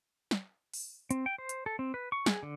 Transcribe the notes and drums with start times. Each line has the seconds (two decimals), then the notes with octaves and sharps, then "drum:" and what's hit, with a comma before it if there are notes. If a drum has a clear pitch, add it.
0.31 drum: snare
0.74 drum: open hi-hat
1.11 C4, drum: hi-hat
1.26 G5
1.38 C5
1.49 drum: hi-hat
1.66 A4
1.79 C4
1.94 B4
2.12 C#6
2.26 G#4, drum: snare
2.43 D3